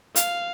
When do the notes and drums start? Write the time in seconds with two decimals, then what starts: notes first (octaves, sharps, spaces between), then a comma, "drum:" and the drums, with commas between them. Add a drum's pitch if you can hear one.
0.16 F5, drum: hi-hat